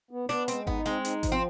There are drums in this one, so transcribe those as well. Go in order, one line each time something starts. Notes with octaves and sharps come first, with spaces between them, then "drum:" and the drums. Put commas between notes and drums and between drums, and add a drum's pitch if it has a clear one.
B3
B3 D4, drum: snare
G#3 C4, drum: hi-hat
B3 D#4, drum: kick G#1
G#3 C4, drum: snare
D#4, drum: hi-hat
F3, drum: kick G#1, hi-hat
C4